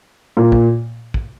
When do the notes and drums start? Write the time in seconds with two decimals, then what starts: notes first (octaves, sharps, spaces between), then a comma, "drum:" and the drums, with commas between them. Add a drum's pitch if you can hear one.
0.37 A#2
0.52 drum: kick
1.14 drum: kick